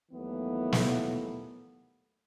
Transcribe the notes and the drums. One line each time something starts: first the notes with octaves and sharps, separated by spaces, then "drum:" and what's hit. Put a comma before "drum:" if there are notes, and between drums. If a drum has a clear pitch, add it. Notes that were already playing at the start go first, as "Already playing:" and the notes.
D#2 E3 F#3 A3 B3
drum: snare